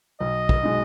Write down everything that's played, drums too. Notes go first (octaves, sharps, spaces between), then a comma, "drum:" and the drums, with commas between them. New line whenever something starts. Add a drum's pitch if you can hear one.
B1 D#5
drum: kick
B2 G#3 D#4